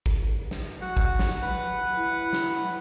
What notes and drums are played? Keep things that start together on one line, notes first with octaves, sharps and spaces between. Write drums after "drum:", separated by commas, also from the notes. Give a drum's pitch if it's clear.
drum: kick G#1
drum: snare
F#4 F#5
drum: kick G#1
drum: snare
B4 F#5
E4
drum: snare